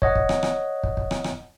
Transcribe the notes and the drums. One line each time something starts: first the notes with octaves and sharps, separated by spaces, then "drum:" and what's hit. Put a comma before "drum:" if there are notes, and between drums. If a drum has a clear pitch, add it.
C#5 D#5 F#5, drum: kick
drum: kick
drum: rim click
drum: rim click
drum: kick
drum: kick
drum: rim click
drum: rim click